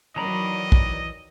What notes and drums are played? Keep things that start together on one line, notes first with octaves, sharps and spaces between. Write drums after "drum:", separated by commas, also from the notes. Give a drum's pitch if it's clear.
D#3 E3 F#3 D5 D#5 A#5 B5
drum: kick